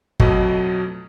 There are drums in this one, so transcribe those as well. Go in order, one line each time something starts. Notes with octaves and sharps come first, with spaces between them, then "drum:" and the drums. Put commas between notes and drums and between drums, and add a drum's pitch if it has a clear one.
F2 B2 F#3 A3 D#5, drum: kick